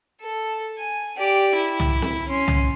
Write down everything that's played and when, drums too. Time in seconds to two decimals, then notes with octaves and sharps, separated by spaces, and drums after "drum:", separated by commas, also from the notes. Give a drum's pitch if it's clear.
0.21 A4
0.78 G#5
1.18 G4 D5
1.55 E4
1.80 drum: tom
2.02 drum: snare
2.28 C#4 C6
2.48 drum: tom